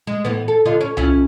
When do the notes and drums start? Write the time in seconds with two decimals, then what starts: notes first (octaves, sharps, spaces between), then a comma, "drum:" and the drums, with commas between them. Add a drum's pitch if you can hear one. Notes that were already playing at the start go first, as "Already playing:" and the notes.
0.07 G#3
0.25 A2 E3 B3
0.48 A4
0.65 D3 D#4 F4
0.81 C#4
0.97 C#4 E4 F4, drum: tom C2